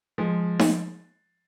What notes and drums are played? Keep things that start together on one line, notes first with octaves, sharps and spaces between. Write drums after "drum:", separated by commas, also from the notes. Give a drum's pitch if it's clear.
F3 G#3
drum: snare D#4